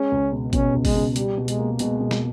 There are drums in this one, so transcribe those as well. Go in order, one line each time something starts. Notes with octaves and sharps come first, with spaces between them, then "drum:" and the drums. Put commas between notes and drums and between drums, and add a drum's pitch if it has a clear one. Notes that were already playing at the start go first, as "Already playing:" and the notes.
Already playing: G#3 C#4
C#2
B2
B2 C#4, drum: kick G#1, hi-hat
C#2
G#3, drum: kick G#1, open hi-hat
C#2
G3 G4, drum: hi-hat
B2
G#3, drum: hi-hat
A#3
B2 G#3, drum: hi-hat
B2
drum: snare